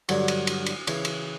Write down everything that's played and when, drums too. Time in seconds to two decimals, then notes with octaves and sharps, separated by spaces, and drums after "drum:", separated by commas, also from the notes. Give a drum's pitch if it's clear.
0.09 G2 D3 F#3, drum: cymbal
0.28 drum: cymbal
0.47 drum: cymbal
0.66 drum: cymbal
0.87 C#3 E3, drum: cymbal
1.05 drum: cymbal